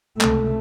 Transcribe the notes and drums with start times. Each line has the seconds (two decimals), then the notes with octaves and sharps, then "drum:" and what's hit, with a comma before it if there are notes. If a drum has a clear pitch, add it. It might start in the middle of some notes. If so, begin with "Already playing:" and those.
0.21 C#2 C3 A3, drum: clap